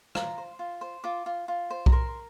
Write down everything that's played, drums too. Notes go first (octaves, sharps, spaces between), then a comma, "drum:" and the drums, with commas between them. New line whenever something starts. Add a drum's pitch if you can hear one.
F4 A#5, drum: rim click
C5
F4
C5
F4 D6
F4
F4
C5
A#5, drum: kick B1
A#4 C6